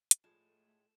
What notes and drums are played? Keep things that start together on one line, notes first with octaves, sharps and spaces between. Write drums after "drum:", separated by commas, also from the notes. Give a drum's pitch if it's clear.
drum: hi-hat
A2 F3 G#3 A3 E7